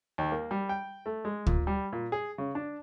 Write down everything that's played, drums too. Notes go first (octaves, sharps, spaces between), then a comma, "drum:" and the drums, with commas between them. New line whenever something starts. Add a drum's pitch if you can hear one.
D#2
A#3
G3
G5
A3
G#3
A#2, drum: kick
G3
A#2
G#4
C#3
D4